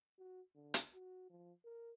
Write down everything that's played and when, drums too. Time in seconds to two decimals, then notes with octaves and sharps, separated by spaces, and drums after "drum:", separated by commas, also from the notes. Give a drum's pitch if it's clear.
0.18 F#4
0.55 D3
0.74 drum: hi-hat
0.94 F#4
1.30 F3
1.65 A#4